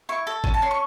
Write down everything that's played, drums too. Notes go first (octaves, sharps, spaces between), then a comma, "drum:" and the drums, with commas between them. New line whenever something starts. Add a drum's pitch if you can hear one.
E4 C#6
A4
C#4, drum: kick G1
A5
C#4 C6
C#6